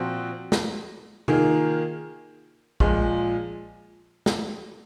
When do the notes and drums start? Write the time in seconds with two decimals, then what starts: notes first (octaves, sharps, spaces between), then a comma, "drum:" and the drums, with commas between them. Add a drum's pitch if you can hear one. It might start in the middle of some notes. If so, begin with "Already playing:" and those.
Already playing: A#2 F3 C4 F#4
0.52 drum: snare
1.28 D#3 A#3 F4 G#4, drum: tom C3
2.80 A#2 F3 G#3, drum: kick
4.26 drum: snare